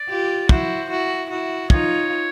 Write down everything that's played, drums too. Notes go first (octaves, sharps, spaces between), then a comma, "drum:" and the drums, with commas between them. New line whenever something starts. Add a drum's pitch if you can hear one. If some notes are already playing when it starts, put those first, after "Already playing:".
Already playing: D5
F4 G4
E4 F#4 C5, drum: kick
E4 F#4
E4 F#4
D#4 F4 C#5, drum: kick